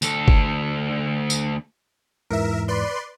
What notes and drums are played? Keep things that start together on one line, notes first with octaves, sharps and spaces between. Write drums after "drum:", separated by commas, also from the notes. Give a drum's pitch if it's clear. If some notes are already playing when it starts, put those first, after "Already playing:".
D2 A4, drum: tambourine
drum: kick G1
drum: tambourine
E2 G#2 E3 A#4 E5
B4 D5 C6